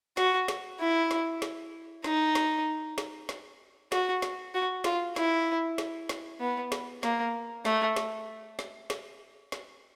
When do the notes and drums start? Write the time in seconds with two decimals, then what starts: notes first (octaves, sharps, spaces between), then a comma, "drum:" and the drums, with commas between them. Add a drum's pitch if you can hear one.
0.17 F#4, drum: snare
0.48 drum: snare
0.80 E4
1.11 drum: snare
1.42 drum: snare
2.04 D#4, drum: snare
2.35 drum: snare
2.98 drum: snare
3.29 drum: snare
3.92 F#4, drum: snare
4.22 drum: snare
4.54 F#4
4.84 F4, drum: snare
5.16 E4, drum: snare
5.78 drum: snare
6.09 drum: snare
6.40 B3
6.72 drum: snare
7.03 A#3, drum: snare
7.65 A3, drum: snare
7.96 drum: snare
8.59 drum: snare
8.90 drum: snare
9.52 drum: snare